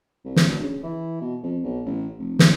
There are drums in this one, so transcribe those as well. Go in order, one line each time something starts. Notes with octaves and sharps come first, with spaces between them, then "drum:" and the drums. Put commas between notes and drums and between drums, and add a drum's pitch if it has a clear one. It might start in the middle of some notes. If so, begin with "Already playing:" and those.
C2
drum: snare
D2
C#3
E3
B2
F2
B1
A1
F1
drum: snare